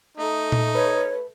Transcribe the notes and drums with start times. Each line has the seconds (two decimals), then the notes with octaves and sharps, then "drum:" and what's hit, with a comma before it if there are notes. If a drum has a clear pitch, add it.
0.17 A3 D#4 A4
0.52 drum: tom A#2
0.75 B4 C#5